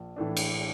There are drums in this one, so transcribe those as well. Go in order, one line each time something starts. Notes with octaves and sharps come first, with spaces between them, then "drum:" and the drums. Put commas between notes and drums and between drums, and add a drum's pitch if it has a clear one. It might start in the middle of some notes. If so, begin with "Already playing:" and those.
Already playing: A#1
A2 E3 A3 D4
drum: cymbal